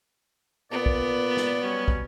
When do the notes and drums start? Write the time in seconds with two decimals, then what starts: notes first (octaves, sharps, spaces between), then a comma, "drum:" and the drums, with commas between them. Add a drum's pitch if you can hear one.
0.71 A#2 B3 D5
0.86 drum: kick
1.37 drum: snare
1.62 F#3 G3 C#4
1.88 drum: kick